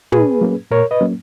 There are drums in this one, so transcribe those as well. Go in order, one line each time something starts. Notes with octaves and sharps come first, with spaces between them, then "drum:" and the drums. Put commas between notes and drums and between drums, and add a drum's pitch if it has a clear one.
A#2 G#4 B4, drum: tom
F#3 A#3 C#4
A#2 A#4 C#5
B4 D#5
F#3 A#3 C#4